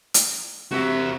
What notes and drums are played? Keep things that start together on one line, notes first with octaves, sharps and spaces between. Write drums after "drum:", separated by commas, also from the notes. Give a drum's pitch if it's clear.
drum: hi-hat
C3 F#4 E5